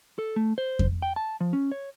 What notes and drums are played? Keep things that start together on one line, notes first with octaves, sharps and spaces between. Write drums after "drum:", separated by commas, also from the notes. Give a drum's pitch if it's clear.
A4
A3
C5
drum: kick F2
G5
A5
F3
C#4
C#5